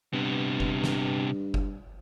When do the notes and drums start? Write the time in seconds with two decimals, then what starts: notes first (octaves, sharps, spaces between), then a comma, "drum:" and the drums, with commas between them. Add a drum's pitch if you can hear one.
0.13 G2 C3 B3
0.60 drum: kick F#1
0.84 drum: snare
1.54 drum: kick F#1